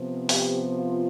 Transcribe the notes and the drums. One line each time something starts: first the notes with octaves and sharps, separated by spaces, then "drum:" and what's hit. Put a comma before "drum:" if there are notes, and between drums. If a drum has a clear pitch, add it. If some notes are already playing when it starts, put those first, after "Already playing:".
Already playing: C3 F3 B3
G4, drum: open hi-hat
F4